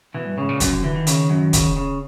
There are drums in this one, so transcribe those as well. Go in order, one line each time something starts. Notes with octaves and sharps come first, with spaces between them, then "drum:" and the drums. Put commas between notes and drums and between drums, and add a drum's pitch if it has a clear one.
B2 E3
G2
G#2 C#3
A#2
F#2 B2, drum: kick, hi-hat
C3
D3 E3
D#3
C#3, drum: hi-hat
F#2
C#3, drum: kick, hi-hat
C#3